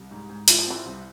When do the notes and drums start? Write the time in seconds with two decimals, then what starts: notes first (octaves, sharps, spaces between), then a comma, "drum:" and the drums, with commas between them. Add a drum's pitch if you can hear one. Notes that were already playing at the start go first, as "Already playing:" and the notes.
Already playing: C2
0.11 G#2
0.29 G#2
0.48 E3 F4, drum: hi-hat
0.59 F3
0.67 E3 C4
0.85 C2